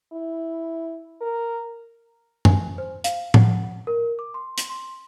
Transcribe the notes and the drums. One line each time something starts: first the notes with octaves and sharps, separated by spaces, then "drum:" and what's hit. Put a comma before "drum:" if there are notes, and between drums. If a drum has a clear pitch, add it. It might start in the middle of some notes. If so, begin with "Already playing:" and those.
E4
A#4
G#5, drum: tom F#2
C5
F5, drum: hi-hat
F#5, drum: tom A2
A#4
D6
C6
drum: hi-hat
C6